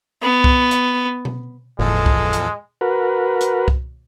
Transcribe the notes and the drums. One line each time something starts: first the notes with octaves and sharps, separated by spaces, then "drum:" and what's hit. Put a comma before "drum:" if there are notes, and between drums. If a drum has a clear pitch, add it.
B3
drum: kick C2
drum: hi-hat
drum: tom B2
G1 E2 A2 F3 G#3 A4
drum: kick C2
drum: hi-hat
F#4 A#4 B4
drum: hi-hat
drum: kick C2